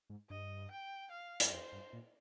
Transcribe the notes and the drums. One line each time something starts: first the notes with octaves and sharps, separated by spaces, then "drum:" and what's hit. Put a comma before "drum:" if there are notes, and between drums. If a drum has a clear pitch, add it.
G#2
G2 D#5
G5
F5
G2, drum: hi-hat
F2 C5
G2
A#2